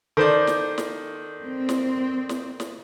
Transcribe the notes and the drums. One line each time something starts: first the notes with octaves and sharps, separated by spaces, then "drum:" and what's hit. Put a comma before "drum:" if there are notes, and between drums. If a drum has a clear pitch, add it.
D#3 A4 C5 D5
drum: snare
drum: snare
C4
drum: snare
drum: snare
drum: snare